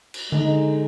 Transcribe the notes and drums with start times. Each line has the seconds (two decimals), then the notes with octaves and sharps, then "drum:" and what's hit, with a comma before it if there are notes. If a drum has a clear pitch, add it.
0.14 drum: cymbal
0.32 D3 G#3 D#4, drum: tom D3